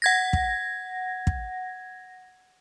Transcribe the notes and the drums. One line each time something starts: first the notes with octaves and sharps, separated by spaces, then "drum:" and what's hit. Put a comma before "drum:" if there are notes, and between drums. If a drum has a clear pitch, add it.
F#5 G#6 A#6
drum: kick
drum: kick